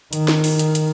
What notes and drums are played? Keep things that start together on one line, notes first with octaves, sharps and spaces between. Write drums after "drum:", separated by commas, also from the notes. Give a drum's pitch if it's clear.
D#3, drum: hi-hat
drum: snare
drum: open hi-hat
drum: hi-hat
drum: hi-hat